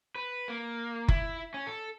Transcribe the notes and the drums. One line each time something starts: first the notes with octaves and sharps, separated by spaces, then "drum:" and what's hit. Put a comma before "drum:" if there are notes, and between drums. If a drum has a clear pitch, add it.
B4
A#3
E4, drum: kick F#1
C#4
A4